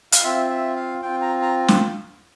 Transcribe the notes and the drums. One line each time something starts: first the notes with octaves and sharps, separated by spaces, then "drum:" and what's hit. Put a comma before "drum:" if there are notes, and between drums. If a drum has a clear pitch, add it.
F5, drum: hi-hat
C4 F4 E5
E5
F5
C4 F4 G5
A#5
A#5
drum: snare